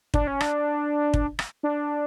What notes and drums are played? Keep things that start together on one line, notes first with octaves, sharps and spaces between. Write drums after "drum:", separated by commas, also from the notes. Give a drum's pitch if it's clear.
D4, drum: kick
C#4
D4, drum: rim click
drum: kick
drum: rim click
D4